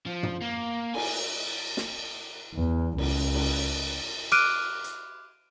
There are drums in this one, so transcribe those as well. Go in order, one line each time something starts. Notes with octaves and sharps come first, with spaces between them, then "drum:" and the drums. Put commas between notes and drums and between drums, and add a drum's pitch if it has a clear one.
F3
drum: tom
A#3
G#5, drum: cymbal
drum: snare
E2
C#2, drum: cymbal
drum: cymbal
D6 F6 F#6 D7 D#7, drum: cymbal
drum: hi-hat